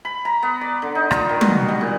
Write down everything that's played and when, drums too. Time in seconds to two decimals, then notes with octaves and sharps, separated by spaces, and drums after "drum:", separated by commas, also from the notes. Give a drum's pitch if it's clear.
0.05 B5
0.25 A#5
0.43 B3
0.61 D5
0.82 D3
0.95 D#4
1.11 F4, drum: rim click
1.29 D#3
1.41 B2, drum: tom
1.55 F#4
1.68 G3
1.81 A#2